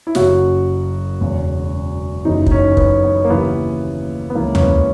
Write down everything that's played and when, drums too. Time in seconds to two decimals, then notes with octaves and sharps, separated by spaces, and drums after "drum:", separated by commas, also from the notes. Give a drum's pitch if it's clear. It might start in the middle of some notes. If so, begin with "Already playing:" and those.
0.07 E4
0.15 F#1 F#2 C#3 F#3 F#4, drum: snare
1.20 E1 E2 C#3
2.25 F#1 F#2 E3 D#4
2.46 D#4, drum: kick
2.51 C#4
2.77 B3, drum: kick
3.04 B3
3.25 A#3
3.30 D#2 C#3 E3 B3
4.30 B3
4.35 C#2 C#3 E3 A#3
4.55 C#4, drum: tom D#2
4.62 B3